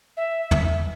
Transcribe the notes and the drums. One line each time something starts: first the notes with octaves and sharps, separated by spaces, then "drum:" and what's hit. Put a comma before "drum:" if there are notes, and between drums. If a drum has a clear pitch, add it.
E5
drum: tom